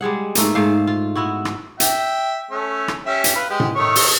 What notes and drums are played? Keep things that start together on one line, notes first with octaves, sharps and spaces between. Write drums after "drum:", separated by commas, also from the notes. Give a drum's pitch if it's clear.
G3 G#3 G#4 F#5
G#2 A3 A#3, drum: hi-hat
G#2 A3 C5 F5
F4
B3 E4 F#4
drum: rim click
E5 G5, drum: hi-hat
A3 C#4
drum: rim click
C#4 G4 E5
drum: hi-hat
B4 F5
G#3 G4
drum: tom A2
D#3 A3 C#5
drum: open hi-hat